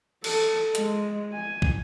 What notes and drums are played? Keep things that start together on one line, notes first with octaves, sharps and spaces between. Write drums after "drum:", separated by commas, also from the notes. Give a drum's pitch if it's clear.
A4, drum: cymbal
G#3, drum: hi-hat
G#5
drum: kick